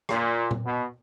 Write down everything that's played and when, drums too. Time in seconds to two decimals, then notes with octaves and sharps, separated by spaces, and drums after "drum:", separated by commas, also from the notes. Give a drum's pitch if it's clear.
0.09 A#2, drum: rim click
0.51 drum: tom A#2
0.65 B2